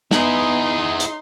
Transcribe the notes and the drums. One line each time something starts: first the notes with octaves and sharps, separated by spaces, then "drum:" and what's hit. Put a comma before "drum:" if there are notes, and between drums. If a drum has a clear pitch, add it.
B3 D#4 E4 G#4 C6, drum: snare
drum: hi-hat